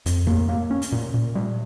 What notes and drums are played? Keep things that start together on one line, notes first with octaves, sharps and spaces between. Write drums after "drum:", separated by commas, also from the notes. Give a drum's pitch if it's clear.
F2, drum: hi-hat
A#3, drum: kick
A#3
C#4
drum: hi-hat
A#2
A#2
G3